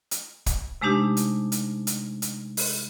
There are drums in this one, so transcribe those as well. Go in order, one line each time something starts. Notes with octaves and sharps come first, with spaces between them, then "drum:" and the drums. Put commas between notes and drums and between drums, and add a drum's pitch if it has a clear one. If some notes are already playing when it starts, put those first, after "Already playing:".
drum: hi-hat
drum: kick, hi-hat
C3 G#3 A3 D4 D#4 G4
drum: hi-hat
drum: hi-hat
drum: hi-hat
drum: hi-hat
drum: open hi-hat